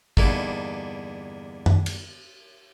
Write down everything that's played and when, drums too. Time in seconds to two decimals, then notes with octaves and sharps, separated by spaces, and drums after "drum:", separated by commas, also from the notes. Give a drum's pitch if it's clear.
0.17 E2 G2 D3 A#3 D#4 E4, drum: kick
1.66 drum: tom F#2
1.86 drum: cymbal